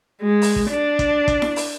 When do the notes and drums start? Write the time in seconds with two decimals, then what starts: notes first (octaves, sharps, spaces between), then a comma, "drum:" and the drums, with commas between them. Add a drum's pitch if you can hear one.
0.22 G#3
0.42 drum: open hi-hat
0.56 drum: kick
0.70 D4
0.99 drum: kick, hi-hat
1.28 drum: kick, hi-hat
1.42 drum: snare E4
1.56 drum: open hi-hat